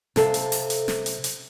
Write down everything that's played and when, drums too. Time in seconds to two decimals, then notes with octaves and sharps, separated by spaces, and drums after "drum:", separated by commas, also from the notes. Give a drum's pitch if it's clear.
0.16 C3 A4 F5, drum: snare
0.34 drum: hi-hat
0.52 drum: open hi-hat
0.70 drum: hi-hat
0.88 drum: snare
1.06 drum: hi-hat
1.24 drum: hi-hat